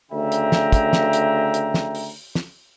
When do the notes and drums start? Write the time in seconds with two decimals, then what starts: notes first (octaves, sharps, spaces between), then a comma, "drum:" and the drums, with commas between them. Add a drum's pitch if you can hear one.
0.11 D2 C#3 E5 G5 A#5
0.32 drum: hi-hat
0.52 drum: snare
0.72 drum: kick, hi-hat
0.93 drum: snare
1.13 drum: hi-hat
1.54 drum: hi-hat
1.74 drum: snare
1.95 drum: open hi-hat
2.35 drum: snare